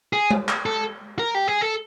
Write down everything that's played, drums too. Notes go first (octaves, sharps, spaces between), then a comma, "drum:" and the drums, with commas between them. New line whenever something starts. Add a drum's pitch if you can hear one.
G#4
drum: tom G#3
drum: clap
A4
A#4
G4
G#4
A4